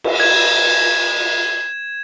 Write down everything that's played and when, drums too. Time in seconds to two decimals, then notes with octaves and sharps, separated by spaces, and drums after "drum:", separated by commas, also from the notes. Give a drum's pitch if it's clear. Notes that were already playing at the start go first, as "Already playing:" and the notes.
0.04 drum: cymbal
0.20 G#6 E7